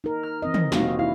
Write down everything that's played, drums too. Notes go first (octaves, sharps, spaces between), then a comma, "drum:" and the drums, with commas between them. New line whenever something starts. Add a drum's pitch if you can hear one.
D#4 A#4
F6
E3 C4 D#5
drum: tom
F1 A#3 C4 D#4 F#4 F5, drum: snare
E4 F5